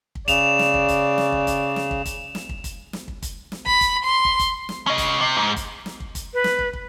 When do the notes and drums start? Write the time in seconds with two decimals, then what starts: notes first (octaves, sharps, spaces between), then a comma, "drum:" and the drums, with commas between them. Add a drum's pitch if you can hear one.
0.15 drum: kick
0.28 C#3 D5 E7 F7, drum: kick, hi-hat
0.59 drum: snare
0.74 drum: kick
0.88 drum: kick, hi-hat
1.18 drum: snare
1.32 drum: kick
1.47 drum: kick, hi-hat
1.76 drum: snare
1.91 drum: kick
2.05 drum: kick, hi-hat
2.35 drum: snare
2.49 drum: kick
2.64 drum: kick, hi-hat
2.93 drum: snare
3.08 drum: kick
3.22 drum: kick, hi-hat
3.52 drum: snare
3.66 B5, drum: kick
3.81 drum: kick, hi-hat
4.04 C6
4.25 drum: kick
4.39 drum: kick, hi-hat
4.69 drum: snare
4.87 C#4 D#5
4.98 drum: kick, hi-hat
5.21 C3
5.37 G#2
5.56 drum: kick, hi-hat
5.86 drum: snare
6.00 drum: kick
6.15 drum: kick, hi-hat
6.34 B4
6.44 drum: snare
6.59 drum: kick
6.73 drum: kick